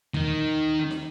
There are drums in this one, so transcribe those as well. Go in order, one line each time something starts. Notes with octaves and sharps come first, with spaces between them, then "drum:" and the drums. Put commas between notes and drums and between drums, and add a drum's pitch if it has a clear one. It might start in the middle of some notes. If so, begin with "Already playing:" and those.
D#3 D#4, drum: tom D#2
drum: snare